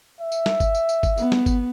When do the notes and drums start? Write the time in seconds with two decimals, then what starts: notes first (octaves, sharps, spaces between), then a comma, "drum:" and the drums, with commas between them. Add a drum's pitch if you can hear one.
0.21 E5
0.32 drum: tambourine
0.46 drum: snare
0.60 drum: kick G1, tambourine
0.75 drum: tambourine
0.89 drum: tambourine
1.03 drum: kick G1, tambourine
1.18 B3, drum: tambourine
1.32 drum: snare
1.46 drum: kick G1, tambourine